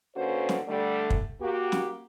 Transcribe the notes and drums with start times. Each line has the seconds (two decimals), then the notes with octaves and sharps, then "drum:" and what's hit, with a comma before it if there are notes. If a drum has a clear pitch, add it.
0.17 D3 A#3 C#4 F#4 B4 C5
0.49 drum: snare
0.68 D3 G3 A3
1.10 drum: kick
1.41 A#3 F#4 G4
1.72 drum: snare